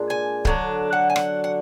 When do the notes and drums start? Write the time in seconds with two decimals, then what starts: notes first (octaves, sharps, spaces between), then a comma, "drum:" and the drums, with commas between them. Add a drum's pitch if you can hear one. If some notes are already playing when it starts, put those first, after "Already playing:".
Already playing: A#2 G#3 D4
0.10 G#5
0.45 D3 F#3 D4, drum: kick C#1
0.93 F#5
1.10 G#5
1.16 F#5, drum: rim click
1.44 F#5